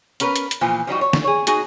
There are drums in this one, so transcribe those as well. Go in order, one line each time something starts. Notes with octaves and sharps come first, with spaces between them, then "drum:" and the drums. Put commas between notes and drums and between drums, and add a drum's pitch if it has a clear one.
B3 C#4 A#4 B4, drum: hi-hat
drum: hi-hat
drum: hi-hat
A#2 E3 F3
F3 G3 D#4 F#4
C#5
drum: snare
G#4 C#5
D#4 F#4 G#4, drum: hi-hat